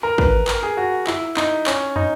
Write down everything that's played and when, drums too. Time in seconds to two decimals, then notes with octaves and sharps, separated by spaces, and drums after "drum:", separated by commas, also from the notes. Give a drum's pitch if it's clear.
0.03 A#4
0.18 B4, drum: kick
0.48 A#4, drum: clap
0.63 G#4
0.77 F#4
1.07 E4, drum: clap
1.37 D#4, drum: clap
1.67 C#4, drum: clap
1.96 D#4, drum: tom